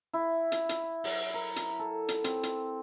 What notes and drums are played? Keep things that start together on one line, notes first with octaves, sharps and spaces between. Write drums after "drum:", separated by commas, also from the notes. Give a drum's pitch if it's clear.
E4
drum: hi-hat
drum: hi-hat
F#3, drum: open hi-hat
A#4
drum: hi-hat
A4
drum: hi-hat
C4, drum: hi-hat
drum: hi-hat